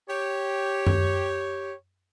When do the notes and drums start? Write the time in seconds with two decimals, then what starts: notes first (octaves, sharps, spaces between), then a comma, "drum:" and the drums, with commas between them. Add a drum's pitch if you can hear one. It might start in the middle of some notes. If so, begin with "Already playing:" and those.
0.10 G4 C#5
0.87 drum: tom F#2